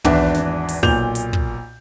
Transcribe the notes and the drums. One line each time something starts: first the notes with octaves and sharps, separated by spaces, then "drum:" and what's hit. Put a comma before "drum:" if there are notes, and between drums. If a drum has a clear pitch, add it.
G#1 E2 D4 B4 E5, drum: tom
drum: snare
drum: open hi-hat
B1 A#2 G6 F7, drum: kick
drum: hi-hat
drum: kick